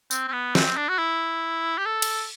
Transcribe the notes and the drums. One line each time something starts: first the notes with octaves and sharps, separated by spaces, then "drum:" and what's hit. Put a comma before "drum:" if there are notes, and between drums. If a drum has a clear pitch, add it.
C4, drum: tambourine
C4
B3
C4, drum: snare
D4
F#4
E4
G4
A4
drum: cymbal